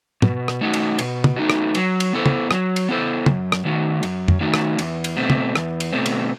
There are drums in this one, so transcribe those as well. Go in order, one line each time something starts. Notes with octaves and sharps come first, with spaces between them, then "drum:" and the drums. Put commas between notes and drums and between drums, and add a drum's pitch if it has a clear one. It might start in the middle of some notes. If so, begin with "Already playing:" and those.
B2, drum: tom
drum: rim click
A3 D#4 F#4
drum: cymbal
B2, drum: cymbal
drum: tom
A3 D#4 F#4
drum: rim click
F#3, drum: cymbal
drum: cymbal
B3 E4 A4 C5
drum: tom
F#3, drum: rim click
drum: cymbal
B3 E4 A4 C5
F#2, drum: tom
drum: rim click
D#3 A3 D#4 F#4
F#2, drum: cymbal
drum: tom F2
D#3 A3 D#4 F#4
drum: rim click
E2, drum: cymbal
drum: cymbal
B2 A3 C4
drum: tom
E2, drum: rim click
drum: cymbal
B2 A3 C4
drum: cymbal